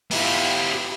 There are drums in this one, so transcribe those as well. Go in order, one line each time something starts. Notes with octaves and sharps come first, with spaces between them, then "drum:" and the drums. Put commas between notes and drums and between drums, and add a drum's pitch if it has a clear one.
B3 E4 F4 G4, drum: open hi-hat